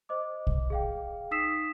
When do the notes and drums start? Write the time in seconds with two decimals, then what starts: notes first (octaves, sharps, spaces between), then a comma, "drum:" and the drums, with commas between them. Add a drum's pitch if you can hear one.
0.09 C5 D#5 D6
0.47 drum: kick
0.70 G#4 F5 G5
1.31 D#4 D#6 E6 B6 C7 E7